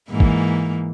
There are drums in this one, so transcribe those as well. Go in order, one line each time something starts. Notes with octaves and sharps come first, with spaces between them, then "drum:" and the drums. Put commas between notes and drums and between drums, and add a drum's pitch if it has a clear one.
G#2 E3 A#3
drum: kick